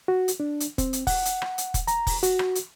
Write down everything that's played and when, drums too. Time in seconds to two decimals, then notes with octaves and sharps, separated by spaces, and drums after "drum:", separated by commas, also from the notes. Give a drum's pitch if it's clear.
0.08 F#4
0.28 drum: hi-hat
0.40 D4
0.60 drum: hi-hat
0.78 C4, drum: kick, hi-hat
0.93 drum: hi-hat
1.07 F#5, drum: kick, open hi-hat
1.25 drum: hi-hat
1.42 drum: rim click
1.58 drum: hi-hat
1.74 drum: kick, hi-hat
1.87 A#5, drum: hi-hat
2.07 drum: kick, open hi-hat
2.23 F#4, drum: hi-hat
2.39 drum: rim click
2.55 drum: hi-hat